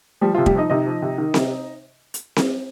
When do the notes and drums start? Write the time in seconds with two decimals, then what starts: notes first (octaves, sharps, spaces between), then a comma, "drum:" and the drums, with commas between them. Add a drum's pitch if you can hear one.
0.21 F3 G3 G4
0.34 F3 F4
0.38 C3
0.46 G3 G4, drum: kick
0.54 F3 D#4 D#5
0.70 C3 D#4 D#5
0.86 F3
1.02 C3
1.18 D#3
1.34 C3, drum: snare C4
2.14 drum: hi-hat
2.36 drum: snare C4